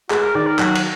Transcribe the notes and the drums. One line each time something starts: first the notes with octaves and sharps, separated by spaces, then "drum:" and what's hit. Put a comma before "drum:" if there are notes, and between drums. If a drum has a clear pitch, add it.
G#3 F#4, drum: clap
A#4
D#3 D5
A#4
F#3 F#4, drum: clap
drum: cymbal